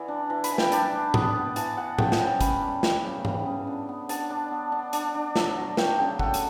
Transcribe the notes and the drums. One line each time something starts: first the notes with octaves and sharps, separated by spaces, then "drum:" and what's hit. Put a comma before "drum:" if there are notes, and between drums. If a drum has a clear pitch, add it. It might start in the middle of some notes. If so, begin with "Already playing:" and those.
Already playing: E3 B3 D5
D4
E3
B5, drum: hi-hat
E3
G5, drum: snare
D4 A5, drum: hi-hat
D4
B3, drum: tom G#2
B3
E3 A5, drum: hi-hat
E3 F#5
C#3 G5, drum: tom G#2
G5, drum: snare
C#4
A5
C#4 B5, drum: kick, hi-hat
G3
G3, drum: snare
C#3
C#3, drum: tom G#2
C#3
D4
B3
D4 A5, drum: hi-hat
D4
B3
D4
D4, drum: hi-hat
D4
F#3, drum: snare
F#3
F#3 G5, drum: snare
C#3 G5
A3 F#5, drum: kick
drum: hi-hat